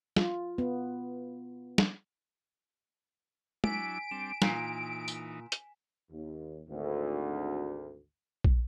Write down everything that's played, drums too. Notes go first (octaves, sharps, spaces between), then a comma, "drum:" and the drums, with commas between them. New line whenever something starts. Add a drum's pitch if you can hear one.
F4, drum: snare
B3
drum: snare
F#3 D4 E4 G#5 B6 D7, drum: tom
G3 C4 D4 E7
A#2 E3 D#4, drum: snare
drum: tambourine
drum: hi-hat
D#2
G#1 D2
drum: kick A#1